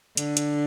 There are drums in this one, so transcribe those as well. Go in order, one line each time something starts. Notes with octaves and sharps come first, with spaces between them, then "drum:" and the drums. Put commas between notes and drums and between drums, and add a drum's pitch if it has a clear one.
D3, drum: hi-hat
drum: hi-hat